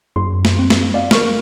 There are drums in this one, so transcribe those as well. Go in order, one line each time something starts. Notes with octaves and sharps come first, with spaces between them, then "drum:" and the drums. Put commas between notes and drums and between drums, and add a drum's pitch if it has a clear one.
F#2 C6
drum: snare
C4
drum: snare
D5 F5
A#4 C#6 F6, drum: snare